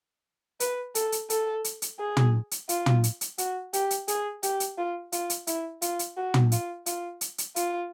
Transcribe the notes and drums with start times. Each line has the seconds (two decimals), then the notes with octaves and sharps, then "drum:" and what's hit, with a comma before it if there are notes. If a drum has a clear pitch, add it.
0.60 B4, drum: hi-hat
0.95 A4, drum: hi-hat
1.12 drum: hi-hat
1.30 A4, drum: hi-hat
1.64 drum: hi-hat
1.82 drum: hi-hat
1.99 G#4
2.17 drum: tom
2.51 drum: hi-hat
2.69 F4, drum: hi-hat
2.86 drum: tom
3.04 drum: hi-hat
3.21 drum: hi-hat
3.38 F#4, drum: hi-hat
3.73 G4, drum: hi-hat
3.91 drum: hi-hat
4.08 G#4, drum: hi-hat
4.43 G4, drum: hi-hat
4.60 drum: hi-hat
4.78 F4
5.12 F4, drum: hi-hat
5.30 drum: hi-hat
5.47 E4, drum: hi-hat
5.82 F4, drum: hi-hat
5.99 drum: hi-hat
6.17 F#4
6.34 drum: tom
6.52 F4, drum: hi-hat
6.86 F4, drum: hi-hat
7.21 drum: hi-hat
7.38 drum: hi-hat
7.56 F4, drum: hi-hat